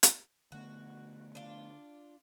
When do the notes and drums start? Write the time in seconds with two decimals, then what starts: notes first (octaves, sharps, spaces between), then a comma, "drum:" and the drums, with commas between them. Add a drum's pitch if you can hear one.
0.03 drum: hi-hat
0.52 D3 A3 B3 F#4
1.35 D4 F4